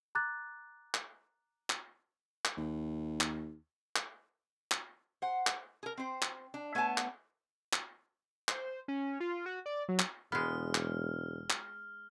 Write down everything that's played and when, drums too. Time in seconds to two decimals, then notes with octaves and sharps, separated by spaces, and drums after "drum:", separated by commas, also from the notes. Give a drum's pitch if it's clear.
0.15 A#5 D6 F#6 A6
0.94 drum: clap
1.70 drum: clap
2.45 drum: clap
2.57 D#2
3.21 drum: clap
3.96 drum: clap
4.72 drum: clap
5.22 C5 F#5
5.47 drum: clap
5.83 G#4 A#4
5.97 C4 C5
6.22 drum: clap
6.54 D4
6.75 A3 B3 C#5 G#5 A5
6.98 drum: clap
7.73 drum: clap
8.49 C5, drum: clap
8.88 C#4
9.20 F4
9.46 F#4
9.66 D5
9.89 F#3
9.99 drum: clap
10.32 E1 G#3 B3 F6
10.75 drum: clap
11.50 drum: clap